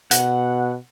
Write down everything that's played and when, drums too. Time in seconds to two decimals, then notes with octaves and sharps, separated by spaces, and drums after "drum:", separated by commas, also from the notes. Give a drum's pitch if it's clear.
0.11 B2 F#5, drum: hi-hat